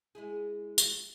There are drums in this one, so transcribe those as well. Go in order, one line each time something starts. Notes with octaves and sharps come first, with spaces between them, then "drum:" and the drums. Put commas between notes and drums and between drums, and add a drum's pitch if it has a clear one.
G#3 E4 G#4
drum: tambourine